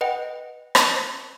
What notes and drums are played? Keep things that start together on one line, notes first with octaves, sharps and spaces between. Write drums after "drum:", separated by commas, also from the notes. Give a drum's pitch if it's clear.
B4 D#5 F#5 G5
drum: rim click